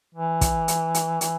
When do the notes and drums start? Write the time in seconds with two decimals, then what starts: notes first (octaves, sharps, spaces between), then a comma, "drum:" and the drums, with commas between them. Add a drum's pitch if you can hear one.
0.15 E3
0.41 drum: kick, hi-hat
0.68 drum: hi-hat
0.94 drum: hi-hat
1.21 E3, drum: hi-hat